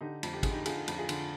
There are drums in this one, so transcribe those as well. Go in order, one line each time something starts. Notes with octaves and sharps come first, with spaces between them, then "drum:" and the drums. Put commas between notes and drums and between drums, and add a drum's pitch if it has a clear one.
D3 D#4 G4
F2, drum: cymbal
G4
D3 G#4, drum: kick, cymbal
D#4 G4
D3 F4 G#4, drum: cymbal
F2, drum: cymbal
F4 G#4
D3, drum: cymbal